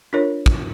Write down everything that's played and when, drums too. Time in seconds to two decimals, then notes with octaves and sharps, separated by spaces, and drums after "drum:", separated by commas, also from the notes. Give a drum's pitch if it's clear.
0.13 D4 F4 A#4 C#5
0.46 drum: kick